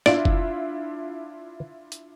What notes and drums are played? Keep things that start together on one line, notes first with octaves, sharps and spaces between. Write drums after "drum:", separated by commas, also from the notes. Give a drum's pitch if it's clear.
D4 E4 F4 D5, drum: snare
drum: kick F1
drum: hi-hat